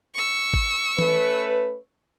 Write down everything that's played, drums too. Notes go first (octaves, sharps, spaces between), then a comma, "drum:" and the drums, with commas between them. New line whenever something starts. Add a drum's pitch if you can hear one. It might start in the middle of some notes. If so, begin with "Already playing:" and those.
C#6 E6
drum: kick G#1
A3 C#4 B4, drum: tom E3